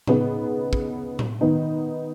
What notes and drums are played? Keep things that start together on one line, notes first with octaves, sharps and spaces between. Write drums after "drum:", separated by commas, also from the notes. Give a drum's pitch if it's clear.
C#3 B3 D#4, drum: tom A2
drum: kick
drum: tom A2
D#3 B3 D#4